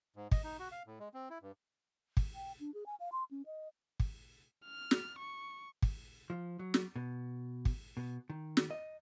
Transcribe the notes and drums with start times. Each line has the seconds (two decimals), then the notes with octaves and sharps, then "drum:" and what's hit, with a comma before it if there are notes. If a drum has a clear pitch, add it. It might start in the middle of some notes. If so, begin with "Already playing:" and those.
0.16 G#2
0.32 D#5, drum: kick
0.44 D#4
0.59 F#4
0.72 F5
0.87 A2
1.00 G#3
1.14 C4
1.30 E4
1.42 G2
2.17 drum: kick
2.35 G5
2.60 D4
2.74 G#4
2.86 G#5
3.00 F5
3.12 C6
3.31 C#4
3.46 D#5
4.00 drum: kick
4.65 F6
4.91 drum: snare
5.19 C#6
5.82 drum: kick
6.30 F3
6.59 F#3
6.74 drum: snare
6.96 B2
7.65 drum: kick
7.97 B2
8.30 D#3
8.57 drum: snare
8.71 D#5